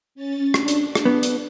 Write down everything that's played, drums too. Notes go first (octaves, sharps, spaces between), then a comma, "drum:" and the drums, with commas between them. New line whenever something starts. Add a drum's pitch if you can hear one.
C#4 A6
D4, drum: rim click
drum: hi-hat
drum: rim click
B3
drum: hi-hat